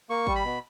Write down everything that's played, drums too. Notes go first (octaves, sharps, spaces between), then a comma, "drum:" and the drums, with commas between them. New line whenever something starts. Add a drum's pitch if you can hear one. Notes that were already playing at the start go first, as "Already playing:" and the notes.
A#3 C#6
G3, drum: kick G#1
B5
B2